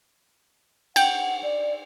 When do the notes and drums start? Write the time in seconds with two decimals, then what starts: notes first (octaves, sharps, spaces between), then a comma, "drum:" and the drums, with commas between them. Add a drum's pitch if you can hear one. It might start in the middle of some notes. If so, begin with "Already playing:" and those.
0.96 F#5 G5, drum: cymbal
1.43 D5